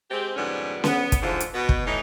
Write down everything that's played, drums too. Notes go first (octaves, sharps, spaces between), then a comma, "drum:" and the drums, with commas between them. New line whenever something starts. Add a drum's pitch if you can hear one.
G#3 C4 G4
F2 G#2 D3 G3 B3 C#4
B3, drum: snare C#4
drum: kick, hi-hat
G#2 D3 E3 F3
drum: hi-hat
B2 B3
drum: kick
A2 E3 D#4